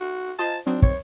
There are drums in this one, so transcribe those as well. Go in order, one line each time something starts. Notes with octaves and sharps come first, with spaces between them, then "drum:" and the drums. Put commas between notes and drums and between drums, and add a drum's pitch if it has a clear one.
F#4
F4 C5 D#5 A5
F#3 C4 D4 D#4
C#5, drum: kick